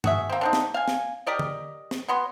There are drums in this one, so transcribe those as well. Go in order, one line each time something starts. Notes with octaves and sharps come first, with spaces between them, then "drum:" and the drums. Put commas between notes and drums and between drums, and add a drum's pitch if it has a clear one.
F#4 G#4 E5, drum: tom G2
A#3 C4
D3 C4 D#4
drum: snare
F5 G#5
drum: snare
G4 A#4 D5 D#5
drum: tom D3
drum: snare
F#3 B3 C6